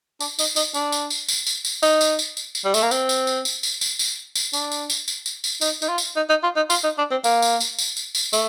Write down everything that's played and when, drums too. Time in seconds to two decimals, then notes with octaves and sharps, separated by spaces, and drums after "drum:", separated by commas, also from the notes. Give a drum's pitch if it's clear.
0.20 D4, drum: tambourine
0.39 D#4, drum: tambourine
0.56 D#4, drum: tambourine
0.74 D4, drum: tambourine
0.92 drum: tambourine
1.10 drum: tambourine
1.28 drum: tambourine
1.47 drum: tambourine
1.65 drum: tambourine
1.83 D#4, drum: tambourine
2.01 drum: tambourine
2.19 drum: tambourine
2.37 drum: tambourine
2.55 drum: tambourine
2.65 G3
2.74 A3, drum: tambourine
2.82 A#3
2.91 C4, drum: tambourine
3.09 drum: tambourine
3.27 drum: tambourine
3.45 drum: tambourine
3.63 drum: tambourine
3.81 drum: tambourine
3.99 drum: tambourine
4.35 drum: tambourine
4.53 D4, drum: tambourine
4.72 drum: tambourine
4.90 drum: tambourine
5.08 drum: tambourine
5.26 drum: tambourine
5.44 drum: tambourine
5.61 D#4, drum: tambourine
5.82 D#4, drum: tambourine
5.89 F4
5.98 drum: tambourine
6.16 D#4
6.30 D#4
6.43 F4
6.56 D#4
6.70 F4, drum: tambourine
6.84 D#4
6.98 D4
7.11 C4
7.24 A#3, drum: tambourine
7.42 drum: tambourine
7.60 drum: tambourine
7.79 drum: tambourine
7.97 drum: tambourine
8.15 drum: tambourine
8.33 A3, drum: tambourine